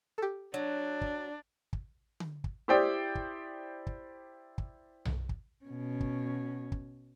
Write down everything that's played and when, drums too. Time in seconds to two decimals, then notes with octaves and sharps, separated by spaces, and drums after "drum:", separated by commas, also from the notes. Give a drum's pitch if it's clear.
0.18 G4 A4
0.54 F#3 D4
1.01 drum: kick
1.73 drum: kick
2.20 drum: tom D3
2.44 drum: kick
2.68 E4 G4 C5 D5 G5 D#6
3.15 drum: kick
3.87 drum: kick
4.58 drum: kick
5.05 drum: tom B1
5.29 drum: kick
5.65 B2 C#4
6.00 drum: kick
6.72 drum: kick